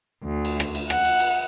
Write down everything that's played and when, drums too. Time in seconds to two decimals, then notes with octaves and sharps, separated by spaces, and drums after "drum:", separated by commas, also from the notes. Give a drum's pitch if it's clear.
0.23 D2
0.45 drum: cymbal
0.60 drum: rim click
0.75 drum: cymbal
0.90 F#5, drum: rim click
1.05 drum: cymbal
1.20 drum: cymbal